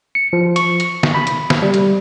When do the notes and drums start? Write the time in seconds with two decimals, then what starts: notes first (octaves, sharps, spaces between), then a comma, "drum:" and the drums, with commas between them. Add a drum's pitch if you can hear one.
0.15 C#7
0.33 F3
0.56 C#6, drum: hi-hat
0.80 drum: hi-hat
1.03 drum: snare
1.14 B5
1.27 drum: hi-hat
1.50 drum: snare
1.62 G3
1.74 drum: hi-hat